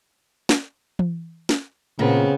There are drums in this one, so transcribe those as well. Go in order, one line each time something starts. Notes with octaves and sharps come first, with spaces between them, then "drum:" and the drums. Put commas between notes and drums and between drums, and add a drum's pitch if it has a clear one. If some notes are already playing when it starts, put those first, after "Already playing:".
drum: snare
drum: tom E3
drum: snare
A#2 C#3 B3 C4